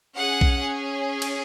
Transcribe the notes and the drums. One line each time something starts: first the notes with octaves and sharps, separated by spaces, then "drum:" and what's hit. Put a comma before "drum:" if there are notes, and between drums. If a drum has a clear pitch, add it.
C#4 G#4 F#5
drum: kick B1
drum: cymbal